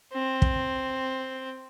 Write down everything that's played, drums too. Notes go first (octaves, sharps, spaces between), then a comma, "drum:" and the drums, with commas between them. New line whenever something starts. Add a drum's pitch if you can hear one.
C4
drum: kick